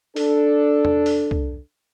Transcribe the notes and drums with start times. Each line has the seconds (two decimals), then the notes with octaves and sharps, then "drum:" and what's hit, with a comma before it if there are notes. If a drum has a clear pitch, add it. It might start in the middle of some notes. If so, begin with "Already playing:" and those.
0.16 D4 A4, drum: open hi-hat
0.85 drum: tom E2
1.06 drum: open hi-hat
1.31 drum: kick C2